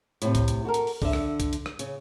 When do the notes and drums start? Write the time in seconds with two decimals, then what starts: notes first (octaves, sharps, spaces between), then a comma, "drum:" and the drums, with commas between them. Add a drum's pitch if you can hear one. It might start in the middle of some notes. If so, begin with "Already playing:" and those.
0.22 A2 C3, drum: hi-hat
0.35 drum: kick C2, hi-hat
0.48 drum: hi-hat
0.65 F#4 A4 A#4
0.74 drum: hi-hat
0.87 drum: open hi-hat
1.02 D3 E5, drum: kick C2, open hi-hat
1.13 drum: rim click
1.40 drum: kick C2, hi-hat
1.53 drum: hi-hat
1.66 drum: rim click
1.79 C#3, drum: hi-hat